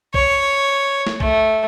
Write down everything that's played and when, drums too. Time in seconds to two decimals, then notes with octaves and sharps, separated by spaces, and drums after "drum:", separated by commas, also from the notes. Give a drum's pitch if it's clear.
0.14 C#5, drum: kick
1.07 drum: snare
1.20 A3, drum: kick